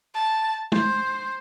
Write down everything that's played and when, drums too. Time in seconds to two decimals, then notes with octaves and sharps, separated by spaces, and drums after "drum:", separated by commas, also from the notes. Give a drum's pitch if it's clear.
0.14 A5
0.72 C5, drum: tom